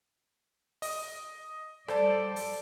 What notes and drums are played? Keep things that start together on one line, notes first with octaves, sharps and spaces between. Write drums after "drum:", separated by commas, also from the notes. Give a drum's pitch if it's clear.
D#5, drum: open hi-hat
G3 A4 C5 D5 A5, drum: rim click
drum: open hi-hat